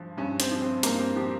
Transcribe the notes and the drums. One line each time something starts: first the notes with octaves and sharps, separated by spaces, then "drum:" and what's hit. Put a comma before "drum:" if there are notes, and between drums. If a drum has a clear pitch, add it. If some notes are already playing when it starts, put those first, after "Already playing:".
Already playing: G2 F3
G2 C#4
C4, drum: hi-hat
F3
C4
G2 A#3, drum: hi-hat
C4
F3 G4